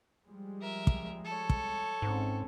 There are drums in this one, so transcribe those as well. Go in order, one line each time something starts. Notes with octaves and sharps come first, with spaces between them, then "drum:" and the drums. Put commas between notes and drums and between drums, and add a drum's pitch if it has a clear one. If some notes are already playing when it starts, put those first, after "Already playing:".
F3 G3 G#3
A#4 E5
drum: kick
A4 C#5
drum: kick
G#1 G#2 C4 C#4